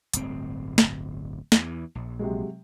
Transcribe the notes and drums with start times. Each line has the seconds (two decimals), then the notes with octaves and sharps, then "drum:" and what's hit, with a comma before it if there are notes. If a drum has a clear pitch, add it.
0.14 D1 G1 C4, drum: hi-hat
0.78 drum: snare
1.52 E2 E3, drum: snare
1.95 A#1
2.19 C3 F#3 G#3